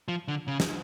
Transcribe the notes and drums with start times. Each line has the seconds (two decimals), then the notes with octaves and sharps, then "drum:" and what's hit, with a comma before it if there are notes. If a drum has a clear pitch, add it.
0.08 F3
0.28 D3
0.48 C#3
0.60 drum: snare